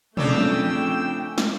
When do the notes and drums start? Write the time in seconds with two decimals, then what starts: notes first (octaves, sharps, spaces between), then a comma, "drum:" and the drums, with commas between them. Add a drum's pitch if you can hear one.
0.17 F2 C#3 A3 C#4 D4 G5 E6, drum: tom
0.37 drum: tom
1.38 drum: snare